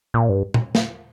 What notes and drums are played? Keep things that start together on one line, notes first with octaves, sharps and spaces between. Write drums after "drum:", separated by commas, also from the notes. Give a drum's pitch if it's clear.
A#2
G2
drum: tom A#2
drum: snare